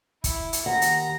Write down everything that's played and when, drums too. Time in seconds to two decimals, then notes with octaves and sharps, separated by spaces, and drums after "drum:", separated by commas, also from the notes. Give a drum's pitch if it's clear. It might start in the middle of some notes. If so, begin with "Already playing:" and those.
0.24 E4, drum: kick, hi-hat
0.53 drum: hi-hat
0.66 D#2 F#5 A#5
0.82 drum: hi-hat